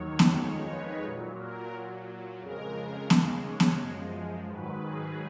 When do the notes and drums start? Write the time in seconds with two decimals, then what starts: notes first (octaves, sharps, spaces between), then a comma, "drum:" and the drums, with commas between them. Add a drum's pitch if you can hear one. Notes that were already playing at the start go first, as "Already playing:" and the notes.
Already playing: D#2 D#3 F#3 C#5
0.19 drum: snare B3
0.35 F2 D#3 G#3 C#5
0.69 B4
1.03 A#2 F#3
1.38 A#4
1.73 A#2 F#3
2.41 F2 C#3 G#3 A#4
2.75 A#4
3.10 D#2 C#3 G#3 A#4, drum: snare B3
3.45 C#5
3.60 drum: snare B3
3.79 F#2 F3 G#3
4.48 G#2 D#3 F#3 B4
4.82 G#4